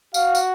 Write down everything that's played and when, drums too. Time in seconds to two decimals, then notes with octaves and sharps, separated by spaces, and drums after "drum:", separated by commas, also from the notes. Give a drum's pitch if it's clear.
0.14 F#4 F5, drum: tambourine
0.35 drum: tambourine